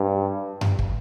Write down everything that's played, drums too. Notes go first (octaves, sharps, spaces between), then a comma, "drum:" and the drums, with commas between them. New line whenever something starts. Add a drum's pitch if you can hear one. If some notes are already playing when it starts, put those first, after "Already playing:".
Already playing: G2
drum: tom F#2
drum: kick